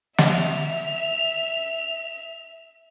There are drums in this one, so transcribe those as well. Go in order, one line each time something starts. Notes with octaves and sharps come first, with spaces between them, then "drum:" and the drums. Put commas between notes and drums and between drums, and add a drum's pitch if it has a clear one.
E5 F7, drum: snare